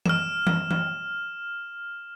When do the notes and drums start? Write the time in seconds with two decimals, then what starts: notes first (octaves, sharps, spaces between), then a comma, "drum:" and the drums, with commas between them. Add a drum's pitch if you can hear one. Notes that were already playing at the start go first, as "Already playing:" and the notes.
0.06 F6 E7, drum: tom E3
0.47 drum: tom E3
0.71 drum: tom E3